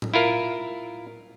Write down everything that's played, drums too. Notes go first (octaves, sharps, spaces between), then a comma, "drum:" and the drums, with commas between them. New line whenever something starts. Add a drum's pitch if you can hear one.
drum: tom A2
E4 F4 A#4